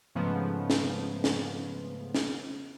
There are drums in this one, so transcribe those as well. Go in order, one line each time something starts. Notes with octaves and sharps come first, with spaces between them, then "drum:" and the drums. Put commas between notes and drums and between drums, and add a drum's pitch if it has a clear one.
G#2 C#3 F3 A3 B3
drum: snare
drum: snare
drum: snare